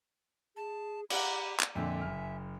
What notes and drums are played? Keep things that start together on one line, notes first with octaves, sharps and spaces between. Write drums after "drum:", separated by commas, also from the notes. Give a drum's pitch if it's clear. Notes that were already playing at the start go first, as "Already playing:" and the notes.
G#4 A5
G4 D5 F#5 A#5 B5, drum: cymbal
drum: clap
F2 A#2 D3 E5 G#5
F#1 F6